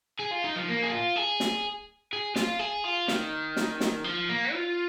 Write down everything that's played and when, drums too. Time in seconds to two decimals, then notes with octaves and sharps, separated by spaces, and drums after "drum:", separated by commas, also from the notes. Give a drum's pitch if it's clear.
0.20 G#4
0.32 F4
0.44 D#4
0.56 F3
0.69 A#3
0.83 G#4
0.91 F4
1.16 G#4
1.40 drum: snare
2.13 G#4
2.36 F4, drum: snare
2.60 G#4
2.85 F4
3.08 D#3, drum: snare
3.56 drum: snare
3.80 drum: snare
4.04 F3
4.29 A#3
4.53 F4